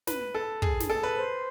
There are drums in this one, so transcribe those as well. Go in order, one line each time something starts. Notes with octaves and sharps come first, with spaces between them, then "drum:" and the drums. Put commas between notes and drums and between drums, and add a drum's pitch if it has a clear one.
B4, drum: snare
A4
G#4, drum: kick
drum: snare
A4
B4
C5